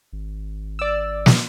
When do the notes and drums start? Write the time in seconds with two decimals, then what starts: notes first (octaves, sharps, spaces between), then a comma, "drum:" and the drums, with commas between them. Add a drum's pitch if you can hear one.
0.13 G#1
0.79 D5 E6
1.26 drum: snare